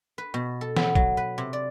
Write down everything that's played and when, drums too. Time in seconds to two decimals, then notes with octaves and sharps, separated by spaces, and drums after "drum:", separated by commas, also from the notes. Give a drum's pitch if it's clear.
0.18 B4
0.34 B2
0.61 A4
0.77 B3, drum: snare E3
0.95 F#3, drum: kick A1
1.17 B4
1.38 C3
1.53 D5